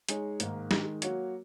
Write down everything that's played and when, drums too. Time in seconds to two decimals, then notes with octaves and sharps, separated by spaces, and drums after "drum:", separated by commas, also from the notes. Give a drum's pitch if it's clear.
0.09 G#3 D#4 G#4 C#5, drum: hi-hat
0.40 G#2 D#3 A#3, drum: hi-hat
0.71 D#3 G#3 D#4, drum: snare
1.02 F#3 A#3 F#4 C#5, drum: hi-hat